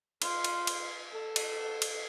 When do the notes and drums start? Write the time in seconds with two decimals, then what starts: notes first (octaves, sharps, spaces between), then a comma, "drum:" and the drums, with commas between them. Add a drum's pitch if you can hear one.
0.22 F4, drum: cymbal
0.44 drum: cymbal
0.67 drum: cymbal
1.12 A4
1.36 drum: cymbal
1.82 drum: cymbal